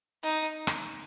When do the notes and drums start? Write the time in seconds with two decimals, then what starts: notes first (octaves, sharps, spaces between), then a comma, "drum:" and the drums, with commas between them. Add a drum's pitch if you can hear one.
0.23 D#4, drum: hi-hat
0.44 drum: hi-hat
0.67 drum: rim click